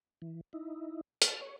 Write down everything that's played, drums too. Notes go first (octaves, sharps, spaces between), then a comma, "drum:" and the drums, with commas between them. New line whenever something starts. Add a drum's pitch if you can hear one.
E3
D#4 E4
A5 F6, drum: hi-hat
C#5